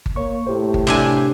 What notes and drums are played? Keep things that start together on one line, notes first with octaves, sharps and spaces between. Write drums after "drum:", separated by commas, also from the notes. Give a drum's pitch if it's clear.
drum: kick G1
A#3 C#5 C#6
A2 G4 C5
drum: kick G1
C3 D4 G#5